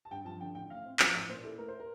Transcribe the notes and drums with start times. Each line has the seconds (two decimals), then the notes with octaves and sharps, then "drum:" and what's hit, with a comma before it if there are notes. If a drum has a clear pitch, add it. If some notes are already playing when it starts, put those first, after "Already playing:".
0.05 A5
0.10 G2 G5
0.25 F3 A5
0.40 D3 G5
0.55 A1 G5
0.69 A2 F5
0.85 C4
0.99 F3, drum: clap
1.14 A1
1.29 A#2 C5
1.44 E4 A4
1.58 A3 A#4
1.68 C5
1.80 A#4